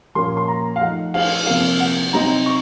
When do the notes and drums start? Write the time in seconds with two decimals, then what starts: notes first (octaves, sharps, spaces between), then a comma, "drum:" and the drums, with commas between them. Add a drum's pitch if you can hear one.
0.15 A#2 F3 A#3 C#4 C6
0.37 C6
0.48 A#5
0.76 F5
0.81 F3 A3 D#4 F#5
1.14 F5, drum: cymbal
1.46 C3 F3 A#3 F5
1.80 F#5
2.13 C3 F#3 C4 D#4 A#5
2.46 C#6